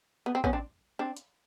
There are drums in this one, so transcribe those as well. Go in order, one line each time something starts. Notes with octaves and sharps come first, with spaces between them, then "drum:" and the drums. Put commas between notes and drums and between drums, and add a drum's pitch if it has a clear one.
B3
C4
B3 C#4, drum: kick
C4 D4
C4 D4
drum: hi-hat